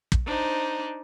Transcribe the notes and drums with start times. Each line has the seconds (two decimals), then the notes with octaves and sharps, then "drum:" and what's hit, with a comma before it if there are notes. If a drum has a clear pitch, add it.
0.12 drum: kick
0.25 D4 D#4 C5